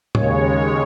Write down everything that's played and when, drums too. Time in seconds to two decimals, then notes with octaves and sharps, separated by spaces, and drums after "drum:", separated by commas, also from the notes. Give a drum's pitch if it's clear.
0.15 D#2 C#3 G#3 C#5, drum: tom